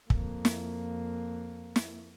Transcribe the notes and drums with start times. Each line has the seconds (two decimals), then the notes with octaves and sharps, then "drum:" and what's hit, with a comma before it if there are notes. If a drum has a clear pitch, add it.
0.10 F2 A#3, drum: kick
0.45 drum: snare
1.76 drum: snare